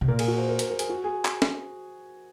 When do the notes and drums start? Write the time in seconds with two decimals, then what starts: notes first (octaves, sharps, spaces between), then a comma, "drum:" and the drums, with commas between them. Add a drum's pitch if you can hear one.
0.01 C3
0.08 A#2 A#4
0.19 G#4, drum: cymbal
0.28 F#4
0.38 C5
0.49 A#4
0.59 A#4, drum: hi-hat
0.70 A#4
0.79 G#4, drum: hi-hat
0.90 F#4
1.04 G#4
1.25 drum: clap
1.42 drum: snare